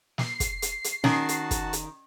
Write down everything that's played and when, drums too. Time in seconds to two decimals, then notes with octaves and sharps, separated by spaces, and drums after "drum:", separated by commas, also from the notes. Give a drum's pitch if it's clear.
0.18 C7, drum: snare
0.40 drum: kick, hi-hat
0.62 drum: hi-hat
0.84 drum: hi-hat
1.04 D#3 C#4 F#4 A5, drum: snare
1.29 drum: hi-hat
1.51 drum: kick, hi-hat
1.73 drum: hi-hat